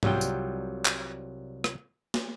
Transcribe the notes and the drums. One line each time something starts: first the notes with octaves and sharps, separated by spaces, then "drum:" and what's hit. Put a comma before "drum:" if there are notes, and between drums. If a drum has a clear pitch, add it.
C2 F#3 G3 F4 G5, drum: tom G#2
drum: tambourine
drum: clap
drum: rim click
drum: snare